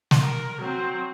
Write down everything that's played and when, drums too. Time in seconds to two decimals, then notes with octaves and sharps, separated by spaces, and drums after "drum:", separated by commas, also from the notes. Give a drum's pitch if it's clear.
0.11 drum: snare
0.21 A#4
0.60 F#3 C4